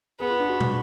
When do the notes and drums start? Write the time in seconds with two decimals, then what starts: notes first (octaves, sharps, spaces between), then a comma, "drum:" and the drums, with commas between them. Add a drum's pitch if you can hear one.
0.20 B3 G#4
0.30 F4
0.40 D4
0.49 F#4
0.60 drum: tom